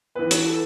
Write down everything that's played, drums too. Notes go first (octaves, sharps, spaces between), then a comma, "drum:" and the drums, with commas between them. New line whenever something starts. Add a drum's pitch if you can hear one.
E3 B3 B4
drum: hi-hat
A4